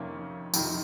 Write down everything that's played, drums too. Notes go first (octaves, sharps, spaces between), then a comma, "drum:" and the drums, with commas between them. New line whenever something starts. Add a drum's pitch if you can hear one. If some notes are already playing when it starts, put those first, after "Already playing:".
Already playing: F2 C3 D#3 A#3 C#4
F2 C3 D#3, drum: tambourine